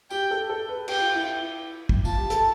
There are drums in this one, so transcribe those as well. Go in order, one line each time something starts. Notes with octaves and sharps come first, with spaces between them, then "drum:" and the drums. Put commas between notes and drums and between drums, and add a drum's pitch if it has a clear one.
G4 G5, drum: tambourine
A4
A4
B4
G4 G5, drum: cymbal
F4
E4
drum: kick
F4 A5, drum: tambourine
G4
A4, drum: hi-hat